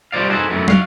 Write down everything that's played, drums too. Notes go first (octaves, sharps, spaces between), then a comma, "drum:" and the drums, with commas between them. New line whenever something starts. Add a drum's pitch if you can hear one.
G3 F4 C5 D5 F5
D#4 F#4 G#4 A4 B4 C5
F#2 E3 F#3 A3 B3
F#4 F5, drum: tom